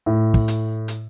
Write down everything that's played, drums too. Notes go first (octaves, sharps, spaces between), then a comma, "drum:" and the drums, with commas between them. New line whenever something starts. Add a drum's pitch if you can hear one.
A2
drum: kick
drum: hi-hat
drum: hi-hat